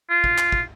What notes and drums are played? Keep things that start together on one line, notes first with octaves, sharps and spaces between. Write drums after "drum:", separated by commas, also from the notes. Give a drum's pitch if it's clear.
F4
drum: kick
drum: clap
drum: kick